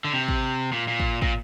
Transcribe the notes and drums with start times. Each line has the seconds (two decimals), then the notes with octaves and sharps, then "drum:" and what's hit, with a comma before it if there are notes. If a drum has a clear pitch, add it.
0.04 D3
0.13 C3
0.28 drum: kick
0.72 A#2
0.88 A#2
1.00 drum: kick
1.22 A#2, drum: kick